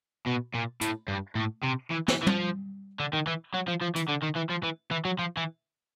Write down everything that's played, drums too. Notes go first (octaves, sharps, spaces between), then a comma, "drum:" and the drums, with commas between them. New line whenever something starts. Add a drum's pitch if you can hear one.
B2
A#2
A2, drum: hi-hat
G2
A2
C3
E3
E3, drum: snare
E3
F3, drum: tom
D3
D#3
E3
F#3
F3
F3
E3, drum: hi-hat
D3
D#3
E3
F3
E3
E3
F#3
F3
E3